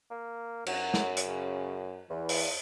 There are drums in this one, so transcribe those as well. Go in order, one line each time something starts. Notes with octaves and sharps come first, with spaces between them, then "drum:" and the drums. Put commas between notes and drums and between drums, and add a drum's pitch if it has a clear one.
A#3
F#2 F#3, drum: cymbal
drum: snare
drum: hi-hat
C#3
E2 E3
drum: open hi-hat